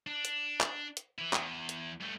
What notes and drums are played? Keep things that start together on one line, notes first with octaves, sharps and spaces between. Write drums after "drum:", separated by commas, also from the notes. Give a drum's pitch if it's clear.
D4
drum: hi-hat
drum: clap
drum: hi-hat
E3 E4
E2, drum: clap
drum: hi-hat
G2 A3